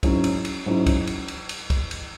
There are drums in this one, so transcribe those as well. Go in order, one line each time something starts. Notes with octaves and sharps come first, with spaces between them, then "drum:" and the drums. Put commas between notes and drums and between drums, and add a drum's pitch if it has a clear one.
G#2 F#3 C#4 E4, drum: kick, cymbal
drum: cymbal
drum: cymbal
G#2 F#3 C#4 E4
drum: kick, cymbal
drum: cymbal
drum: cymbal
drum: cymbal
drum: kick, cymbal
drum: cymbal